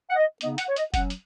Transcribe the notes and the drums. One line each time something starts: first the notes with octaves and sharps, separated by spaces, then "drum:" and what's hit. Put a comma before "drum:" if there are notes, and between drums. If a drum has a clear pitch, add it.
F#5
D#5
C#3 B3 D#4 D#5, drum: hi-hat
F#5, drum: hi-hat
C#5
D#5, drum: hi-hat
F#3 C#4 F#5, drum: kick F1, hi-hat
drum: hi-hat